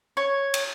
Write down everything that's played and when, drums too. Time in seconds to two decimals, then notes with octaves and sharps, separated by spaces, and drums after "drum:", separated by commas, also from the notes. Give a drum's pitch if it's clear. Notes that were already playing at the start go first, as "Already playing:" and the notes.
0.17 C#5
0.54 drum: cymbal